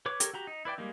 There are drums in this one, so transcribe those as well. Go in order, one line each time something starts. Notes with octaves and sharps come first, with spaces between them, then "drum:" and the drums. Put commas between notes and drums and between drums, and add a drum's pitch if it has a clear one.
B4 C#5 D6
G4 A4 A#4 C#5, drum: hi-hat
F#4 G4 A#5
D#4
E4 B4 D5 G5
G3 G#3 A#3 D#4